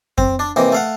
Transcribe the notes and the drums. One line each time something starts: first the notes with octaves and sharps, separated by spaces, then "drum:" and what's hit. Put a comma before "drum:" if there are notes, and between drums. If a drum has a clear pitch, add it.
C4, drum: kick F2
D4
C3 E3 A#3 D#4
A3 F5 F#5